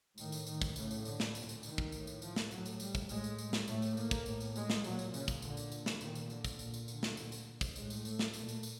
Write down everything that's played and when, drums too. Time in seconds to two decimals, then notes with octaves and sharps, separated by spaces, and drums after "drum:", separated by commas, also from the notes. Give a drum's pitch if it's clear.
0.18 A2 D#3, drum: tambourine
0.32 drum: tambourine
0.47 D#3, drum: tambourine
0.62 drum: kick, tambourine
0.76 A2 C#3, drum: tambourine
0.91 drum: tambourine
1.05 D3, drum: tambourine
1.20 drum: snare
1.35 A#2, drum: tambourine
1.49 drum: tambourine
1.63 D#3, drum: tambourine
1.78 drum: kick
1.92 A2, drum: tambourine
2.07 drum: tambourine
2.22 F3, drum: tambourine
2.36 drum: snare
2.51 A2 F#3, drum: tambourine
2.66 drum: tambourine
2.80 G3, drum: tambourine
2.95 drum: kick, tambourine
3.09 A2 G#3, drum: tambourine
3.24 drum: tambourine
3.38 drum: tambourine
3.53 drum: snare
3.68 A2 A3, drum: tambourine
3.82 drum: tambourine
3.97 A#3, drum: tambourine
4.11 drum: kick, tambourine
4.26 A2, drum: tambourine
4.40 drum: tambourine
4.56 G#3, drum: tambourine
4.70 drum: snare
4.84 A#2 F#3, drum: tambourine
4.99 drum: tambourine
5.14 C#3, drum: tambourine
5.28 drum: kick, tambourine
5.42 A#2 D3, drum: tambourine
5.57 drum: tambourine
5.72 drum: tambourine
5.86 drum: snare
6.01 A#2 D#3, drum: tambourine
6.15 drum: tambourine
6.30 D3, drum: tambourine
6.45 drum: kick, tambourine
6.59 A#2, drum: tambourine
6.74 drum: tambourine
6.88 D3, drum: tambourine
7.03 drum: snare
7.17 A#2, drum: tambourine
7.32 drum: tambourine
7.61 drum: kick, tambourine
7.76 A2 G#3, drum: tambourine
7.90 drum: tambourine
8.05 A3, drum: tambourine
8.19 drum: snare
8.34 A#2 A3, drum: tambourine
8.49 drum: tambourine
8.63 drum: tambourine